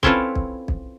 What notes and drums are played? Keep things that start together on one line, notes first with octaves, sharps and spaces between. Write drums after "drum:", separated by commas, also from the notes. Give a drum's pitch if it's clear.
C4 C#4 E4 F4 A4 B4, drum: kick B1
drum: kick B1
drum: kick B1